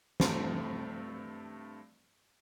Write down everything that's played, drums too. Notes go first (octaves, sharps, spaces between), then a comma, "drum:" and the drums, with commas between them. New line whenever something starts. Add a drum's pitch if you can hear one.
G2 A3 C4, drum: snare